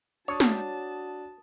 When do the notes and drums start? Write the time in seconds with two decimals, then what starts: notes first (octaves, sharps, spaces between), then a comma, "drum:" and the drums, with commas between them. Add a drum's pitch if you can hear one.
0.28 D4 F#4 C#5 A5 D#6
0.40 drum: snare